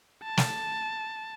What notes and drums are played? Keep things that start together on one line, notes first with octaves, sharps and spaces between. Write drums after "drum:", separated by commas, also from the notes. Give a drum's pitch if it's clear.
A5
drum: snare